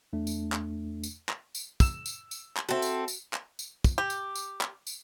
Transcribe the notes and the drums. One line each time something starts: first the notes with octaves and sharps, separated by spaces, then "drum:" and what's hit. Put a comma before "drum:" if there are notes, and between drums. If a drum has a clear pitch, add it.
E2 A3 D4
drum: tambourine
drum: clap
drum: tambourine
drum: clap
drum: tambourine
E6 E7, drum: kick, tambourine
drum: tambourine
drum: tambourine
drum: clap
C4 F#4 A4 E5
drum: tambourine
drum: tambourine
drum: clap
drum: tambourine
drum: kick, tambourine
G4
drum: tambourine
drum: tambourine
drum: clap
drum: tambourine